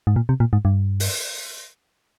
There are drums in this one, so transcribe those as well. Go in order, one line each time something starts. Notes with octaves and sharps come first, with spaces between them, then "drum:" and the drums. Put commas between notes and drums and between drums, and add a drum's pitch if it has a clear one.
G#2
A#2
C3
A#2
G#2
G2
drum: open hi-hat